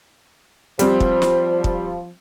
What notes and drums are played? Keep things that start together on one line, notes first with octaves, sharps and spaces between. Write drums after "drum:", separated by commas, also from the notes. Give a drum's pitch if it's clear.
F3 G3 C4, drum: hi-hat
drum: kick
drum: snare
drum: kick